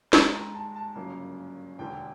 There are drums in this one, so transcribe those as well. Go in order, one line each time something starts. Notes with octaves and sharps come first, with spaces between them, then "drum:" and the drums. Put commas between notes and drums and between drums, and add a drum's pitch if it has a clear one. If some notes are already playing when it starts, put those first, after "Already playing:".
D#2 D#3 G#3 A#5, drum: snare
A#5
A5
A5
G1 F#2 C#3 F#3 A#3
E1 D#2 D3 G5